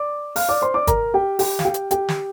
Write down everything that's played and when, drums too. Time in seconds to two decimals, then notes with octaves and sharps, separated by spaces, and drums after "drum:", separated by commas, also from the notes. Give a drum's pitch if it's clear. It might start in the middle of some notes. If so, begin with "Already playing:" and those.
Already playing: D5 D6
0.36 F5 F6, drum: open hi-hat
0.49 D5 D6
0.62 C5 C6
0.74 D5 D6
0.87 A#4 A#5, drum: kick, hi-hat
1.14 G4 G5
1.39 G4 G5, drum: open hi-hat
1.59 F5, drum: snare
1.65 G4 G5
1.74 drum: hi-hat
1.91 G4 G5, drum: hi-hat
2.09 drum: snare